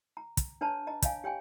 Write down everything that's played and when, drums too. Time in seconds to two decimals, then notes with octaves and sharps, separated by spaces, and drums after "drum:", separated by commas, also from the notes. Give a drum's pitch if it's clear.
0.17 A#5
0.37 drum: kick, hi-hat
0.61 D4 B4 C#5 A5 A#5
0.87 D#5 A#5
1.02 C#5 D#5 F5 G#5, drum: kick, hi-hat
1.24 G4 C#5 G5 G#5